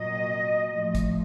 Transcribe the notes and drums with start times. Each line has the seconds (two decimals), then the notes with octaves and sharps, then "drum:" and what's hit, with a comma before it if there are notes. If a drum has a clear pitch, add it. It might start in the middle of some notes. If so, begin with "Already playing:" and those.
Already playing: A#2 F#3 D#5
0.71 A2 F3
0.95 drum: kick, hi-hat